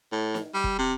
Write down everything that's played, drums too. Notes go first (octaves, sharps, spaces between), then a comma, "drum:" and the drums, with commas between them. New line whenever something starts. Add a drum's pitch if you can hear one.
A2
drum: snare
G3
drum: kick E1
C3